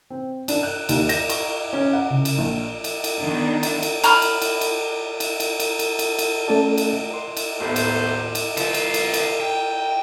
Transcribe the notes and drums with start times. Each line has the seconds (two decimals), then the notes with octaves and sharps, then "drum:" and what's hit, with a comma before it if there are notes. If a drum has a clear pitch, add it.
0.10 C4
0.48 D4, drum: cymbal
0.63 F#6
0.89 D#2, drum: cymbal
1.09 A#6, drum: cymbal
1.30 C#6, drum: cymbal
1.73 C#4
1.93 F#5
2.10 C#3
2.25 drum: cymbal
2.38 A#1
2.84 drum: cymbal
3.04 drum: cymbal
3.19 D#3 B3 D4 D#4
3.63 drum: cymbal
3.83 drum: cymbal
4.04 A#5 B5 F6, drum: cymbal
4.22 drum: cymbal
4.42 drum: cymbal
4.61 drum: cymbal
5.20 drum: cymbal
5.40 drum: cymbal
5.60 drum: cymbal
5.79 drum: cymbal
5.99 drum: cymbal
6.19 drum: cymbal
6.47 A3 C#4 A4 D5 A5
6.78 drum: cymbal
7.10 A#4 C6
7.37 drum: cymbal
7.60 D#2 A2 D#3 A3 B3 F#4 C5
7.76 drum: cymbal
8.35 drum: cymbal
8.57 F4 B4, drum: cymbal
8.74 drum: cymbal
8.94 drum: cymbal
9.14 drum: cymbal
9.40 G5